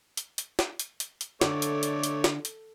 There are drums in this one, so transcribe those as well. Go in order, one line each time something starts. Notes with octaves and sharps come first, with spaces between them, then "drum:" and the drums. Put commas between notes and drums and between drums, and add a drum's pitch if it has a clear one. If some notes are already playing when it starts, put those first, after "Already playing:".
drum: hi-hat
drum: hi-hat
drum: snare
drum: hi-hat
drum: hi-hat
drum: hi-hat
D3 A3 C#5 D5, drum: snare
drum: hi-hat
drum: hi-hat
drum: hi-hat
drum: snare
drum: hi-hat